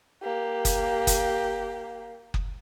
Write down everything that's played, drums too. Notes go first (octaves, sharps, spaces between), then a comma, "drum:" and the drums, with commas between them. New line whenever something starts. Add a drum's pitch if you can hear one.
A#3 G4
drum: kick F#1, hi-hat
drum: kick F#1, hi-hat
drum: kick F#1